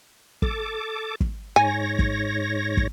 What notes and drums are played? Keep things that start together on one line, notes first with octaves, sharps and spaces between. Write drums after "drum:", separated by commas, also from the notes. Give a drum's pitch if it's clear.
A4 D6, drum: kick
drum: kick
G#2 C#5 G#5 A#6
drum: kick
drum: kick